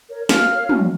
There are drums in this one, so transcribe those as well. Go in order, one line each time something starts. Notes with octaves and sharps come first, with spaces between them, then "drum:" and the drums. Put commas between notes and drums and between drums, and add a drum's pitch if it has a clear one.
A#4 C#5
F#4 F5 F6, drum: snare
A#4 C#5
F#4, drum: tom